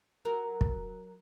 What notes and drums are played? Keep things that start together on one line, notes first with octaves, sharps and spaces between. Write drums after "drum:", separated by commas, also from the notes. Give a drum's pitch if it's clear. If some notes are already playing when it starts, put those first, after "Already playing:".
F#3 A#4
drum: kick